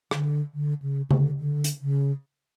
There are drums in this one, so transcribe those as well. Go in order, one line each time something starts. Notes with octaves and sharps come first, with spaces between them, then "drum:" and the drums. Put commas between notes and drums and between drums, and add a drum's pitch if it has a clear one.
D3, drum: rim click
D3
C#3
D3, drum: tom C#3
D3
drum: hi-hat
C#3